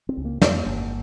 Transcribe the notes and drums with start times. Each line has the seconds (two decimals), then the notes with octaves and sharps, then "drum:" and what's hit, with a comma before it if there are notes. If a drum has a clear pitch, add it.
0.09 C4
0.17 C#2
0.25 A#3
0.42 F2 A#3, drum: snare
0.66 G1